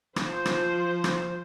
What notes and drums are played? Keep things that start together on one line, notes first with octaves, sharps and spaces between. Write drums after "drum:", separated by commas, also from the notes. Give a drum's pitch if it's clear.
F3 C5, drum: rim click
drum: rim click
drum: rim click